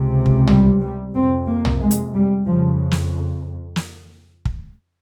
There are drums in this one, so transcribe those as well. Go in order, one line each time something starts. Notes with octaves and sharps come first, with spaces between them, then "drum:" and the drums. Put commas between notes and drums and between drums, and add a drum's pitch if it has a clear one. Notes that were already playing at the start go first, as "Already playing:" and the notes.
Already playing: C#2 C3
drum: kick
G3, drum: tom
G3
F2 C3 C4
A#3
drum: tom
G#3
drum: hi-hat
G3
F2 C#3 F3
drum: snare
drum: snare
drum: kick